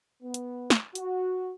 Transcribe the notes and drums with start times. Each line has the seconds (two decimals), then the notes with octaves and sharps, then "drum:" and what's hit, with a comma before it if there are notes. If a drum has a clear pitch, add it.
0.23 B3
0.34 drum: hi-hat
0.70 drum: snare
0.95 F#4, drum: hi-hat